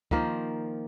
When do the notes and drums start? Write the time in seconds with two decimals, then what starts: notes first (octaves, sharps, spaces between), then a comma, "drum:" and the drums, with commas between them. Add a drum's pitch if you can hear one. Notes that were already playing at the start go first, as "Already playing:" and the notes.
0.11 D#3 F3 A#3 C5, drum: kick